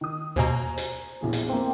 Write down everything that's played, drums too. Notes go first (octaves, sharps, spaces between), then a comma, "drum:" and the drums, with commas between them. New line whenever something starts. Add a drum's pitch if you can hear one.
D#3 D#6
D#2 B2 C5 G#5 A#5
drum: hi-hat
A#1 E2 G#4
drum: hi-hat
A#3 C4